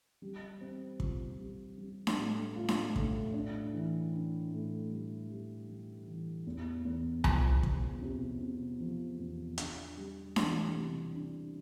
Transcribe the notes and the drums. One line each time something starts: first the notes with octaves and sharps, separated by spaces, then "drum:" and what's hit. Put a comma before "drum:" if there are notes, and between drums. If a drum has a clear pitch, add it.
G3
C4
F4, drum: kick
G3
G3
drum: snare D4
A2
F4
drum: snare D4
A2, drum: kick
D4
E3
D4
A2
G3
G3
G3
E3
E2
E2
F3, drum: tom C2
F3, drum: kick
C3
C3
F3
E2
D4, drum: hi-hat
G3
E3, drum: snare D4
C3
D4